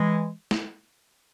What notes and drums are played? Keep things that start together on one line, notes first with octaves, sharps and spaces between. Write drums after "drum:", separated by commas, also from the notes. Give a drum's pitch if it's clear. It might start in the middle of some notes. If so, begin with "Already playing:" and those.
Already playing: E3 G#3
drum: snare